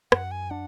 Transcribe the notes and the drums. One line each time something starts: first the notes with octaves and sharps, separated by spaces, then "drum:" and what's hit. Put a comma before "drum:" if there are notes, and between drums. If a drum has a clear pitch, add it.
F#2 F#5, drum: rim click
G#5
D4 F#5